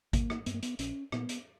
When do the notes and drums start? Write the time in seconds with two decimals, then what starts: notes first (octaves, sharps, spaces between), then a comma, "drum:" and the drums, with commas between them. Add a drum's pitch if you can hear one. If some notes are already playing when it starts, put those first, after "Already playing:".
0.13 G1 A#3, drum: kick G#1, hi-hat
0.30 drum: rim click
0.46 G2 B3, drum: hi-hat
0.54 A#3
0.63 B3, drum: hi-hat
0.79 A#1 C#4, drum: hi-hat
1.12 A#2 B3, drum: rim click
1.29 drum: hi-hat